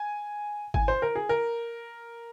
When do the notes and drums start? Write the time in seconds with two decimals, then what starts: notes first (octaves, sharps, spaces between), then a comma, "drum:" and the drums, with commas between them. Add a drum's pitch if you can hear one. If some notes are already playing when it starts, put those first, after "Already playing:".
Already playing: G#5
0.74 G#5, drum: kick G#1
0.88 C5
1.02 A#4
1.15 G#4
1.29 A#4